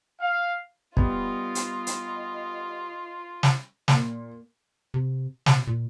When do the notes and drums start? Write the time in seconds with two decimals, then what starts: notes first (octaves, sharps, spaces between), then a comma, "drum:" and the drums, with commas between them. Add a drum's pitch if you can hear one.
0.20 F5
0.97 G3 B3 F4 D#5, drum: kick
1.55 drum: hi-hat
1.87 drum: hi-hat
3.43 drum: snare
3.88 A#2, drum: snare
4.94 C3
5.46 B2, drum: snare
5.67 A#2